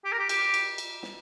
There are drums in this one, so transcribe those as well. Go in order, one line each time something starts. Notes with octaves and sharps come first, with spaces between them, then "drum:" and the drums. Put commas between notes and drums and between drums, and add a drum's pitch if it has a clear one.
G4
A#4
G4
G4, drum: cymbal
drum: cymbal
drum: cymbal
drum: snare